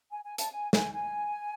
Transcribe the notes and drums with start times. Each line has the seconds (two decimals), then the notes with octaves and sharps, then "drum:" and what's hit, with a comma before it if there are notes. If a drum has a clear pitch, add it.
0.11 G#5
0.24 G#5
0.38 A5, drum: hi-hat
0.52 G#5
0.73 G#5, drum: snare
0.94 G#5